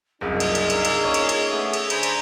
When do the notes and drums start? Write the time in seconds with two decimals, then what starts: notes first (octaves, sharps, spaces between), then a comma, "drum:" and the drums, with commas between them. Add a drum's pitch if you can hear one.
0.21 F#1 C2 D4 D#4 F4 G#4
0.40 drum: cymbal
0.55 drum: cymbal
0.70 A#3 E6, drum: cymbal
0.85 drum: cymbal
1.04 C#4 C#5
1.14 drum: cymbal
1.29 drum: cymbal
1.50 A3 B3 E5
1.73 drum: cymbal
1.90 D3 D4 C5 G#5 A#5 B5, drum: cymbal
2.03 drum: cymbal